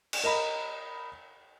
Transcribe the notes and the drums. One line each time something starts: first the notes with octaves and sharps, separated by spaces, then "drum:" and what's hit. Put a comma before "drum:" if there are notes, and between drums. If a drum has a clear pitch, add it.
drum: cymbal
A#4 D#5 A#5 B5